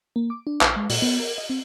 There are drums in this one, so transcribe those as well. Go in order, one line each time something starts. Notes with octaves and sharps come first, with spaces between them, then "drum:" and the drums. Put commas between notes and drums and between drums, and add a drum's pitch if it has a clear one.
A#3
D6
D4
A#1, drum: clap
G#3
A#2, drum: open hi-hat
B3
A#4
D#5
C4